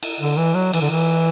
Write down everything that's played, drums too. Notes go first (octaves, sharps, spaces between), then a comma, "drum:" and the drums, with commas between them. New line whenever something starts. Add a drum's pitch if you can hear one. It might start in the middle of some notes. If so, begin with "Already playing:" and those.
drum: cymbal
D3
E3
F#3
E3, drum: cymbal
D3
E3